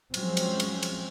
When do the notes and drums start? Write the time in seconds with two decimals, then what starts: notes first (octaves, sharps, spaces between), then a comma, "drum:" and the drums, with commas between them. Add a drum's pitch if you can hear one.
0.14 F3 F#3 G#3 C4 C#4, drum: cymbal
0.37 drum: cymbal
0.60 drum: cymbal
0.83 drum: cymbal